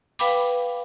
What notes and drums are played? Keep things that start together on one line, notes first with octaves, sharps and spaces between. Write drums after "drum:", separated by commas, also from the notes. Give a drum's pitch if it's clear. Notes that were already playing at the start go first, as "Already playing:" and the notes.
B4 F5 G5 B5 D6, drum: open hi-hat